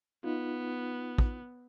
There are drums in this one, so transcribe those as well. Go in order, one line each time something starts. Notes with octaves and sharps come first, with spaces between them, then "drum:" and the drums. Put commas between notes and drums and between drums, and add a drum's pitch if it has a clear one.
B3 D#4 F4
drum: kick